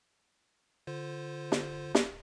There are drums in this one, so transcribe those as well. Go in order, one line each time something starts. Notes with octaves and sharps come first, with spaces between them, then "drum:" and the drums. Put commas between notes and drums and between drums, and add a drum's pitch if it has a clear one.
D3 F4 C5
drum: snare
drum: snare